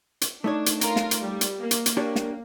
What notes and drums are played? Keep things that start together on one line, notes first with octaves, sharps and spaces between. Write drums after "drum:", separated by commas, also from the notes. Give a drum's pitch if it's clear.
drum: hi-hat
A3 D4 D#4 C#5
drum: hi-hat
F4 A#4, drum: hi-hat
drum: snare
drum: hi-hat
G3
drum: hi-hat
A#3
drum: hi-hat
drum: hi-hat
D4 G4 C#5
drum: snare